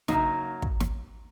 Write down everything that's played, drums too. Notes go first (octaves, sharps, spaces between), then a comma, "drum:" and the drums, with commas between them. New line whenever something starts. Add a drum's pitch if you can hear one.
F#2 C#3 F#3 A#3 D#4, drum: snare
drum: kick
drum: snare